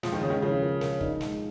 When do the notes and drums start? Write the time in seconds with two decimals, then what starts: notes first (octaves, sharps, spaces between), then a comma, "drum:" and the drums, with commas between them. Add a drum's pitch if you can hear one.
0.03 F3 G#3, drum: snare
0.12 D#3
0.21 C#3 G#3
0.30 D#3
0.42 C#3 F3
0.62 A#4
0.81 A#4, drum: snare
1.01 D#4, drum: kick
1.21 G#3, drum: snare